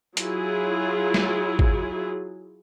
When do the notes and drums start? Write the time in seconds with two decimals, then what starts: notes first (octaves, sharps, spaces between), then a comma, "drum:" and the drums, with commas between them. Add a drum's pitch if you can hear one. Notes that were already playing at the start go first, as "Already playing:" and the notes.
0.17 F#3 E4 F4 G#4, drum: hi-hat
1.14 drum: snare
1.59 drum: kick G#1